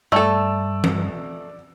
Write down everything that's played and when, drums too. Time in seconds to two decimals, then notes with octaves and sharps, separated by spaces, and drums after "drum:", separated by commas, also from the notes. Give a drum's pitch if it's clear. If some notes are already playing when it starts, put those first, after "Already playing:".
0.12 G2 A3 A4 D5 E6
0.84 drum: tom E3